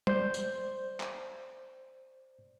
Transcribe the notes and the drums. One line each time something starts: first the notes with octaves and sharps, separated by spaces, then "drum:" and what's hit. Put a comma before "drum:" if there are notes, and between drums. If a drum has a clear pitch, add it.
C5 D5 G6, drum: tom
drum: tambourine
drum: clap